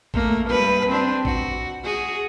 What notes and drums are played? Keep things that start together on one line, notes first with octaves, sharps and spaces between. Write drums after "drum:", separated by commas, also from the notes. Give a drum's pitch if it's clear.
A3 A#3, drum: kick
G2 B4
C4 D4
F#4, drum: kick
F#4 G#4